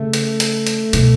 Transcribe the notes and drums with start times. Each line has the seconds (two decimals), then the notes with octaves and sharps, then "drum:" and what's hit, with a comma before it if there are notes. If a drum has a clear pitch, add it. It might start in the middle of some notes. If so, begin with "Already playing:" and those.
Already playing: C#3 A3
0.13 drum: hi-hat
0.40 drum: hi-hat
0.67 drum: hi-hat
0.93 B2, drum: hi-hat